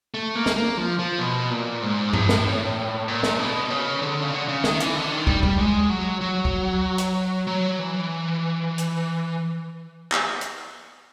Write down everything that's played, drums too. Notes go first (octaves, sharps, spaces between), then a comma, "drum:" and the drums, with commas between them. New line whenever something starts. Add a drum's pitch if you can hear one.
A3
A#3
drum: snare
A#3
F3
F3
B2
A#2
G#2
A2, drum: tom G2
drum: snare
A#2
drum: snare
B2
C#3
D3
C#3
D3
C#3
D#3, drum: snare
E3, drum: hi-hat
D3
D#3
G3, drum: kick
G3, drum: kick
G#3
F#3
F#3
drum: kick
drum: hi-hat
F#3
E3
drum: hi-hat
drum: clap
drum: hi-hat